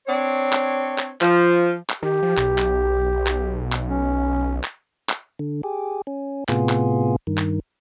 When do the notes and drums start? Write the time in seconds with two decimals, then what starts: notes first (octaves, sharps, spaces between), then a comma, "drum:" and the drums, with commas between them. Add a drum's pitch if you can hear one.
0.07 C4 D4 C#5
0.53 drum: clap
0.98 drum: clap
1.21 F3, drum: clap
1.90 drum: clap
2.03 D#3 G4
2.22 F3
2.37 B1, drum: clap
2.58 drum: clap
3.27 drum: clap
3.72 drum: clap
3.88 C#4
4.64 drum: clap
5.09 drum: clap
5.39 D3
5.63 G4 G#4
6.07 C#4
6.49 A2 C3 B3 F4 G#4, drum: clap
6.69 drum: clap
7.27 G2 D#3
7.38 drum: clap